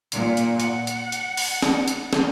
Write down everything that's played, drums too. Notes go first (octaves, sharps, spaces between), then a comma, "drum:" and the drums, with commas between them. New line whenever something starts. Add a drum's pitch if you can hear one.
A#2, drum: hi-hat
drum: hi-hat
F#5, drum: hi-hat
drum: hi-hat
drum: hi-hat
drum: open hi-hat
drum: snare
drum: hi-hat
drum: snare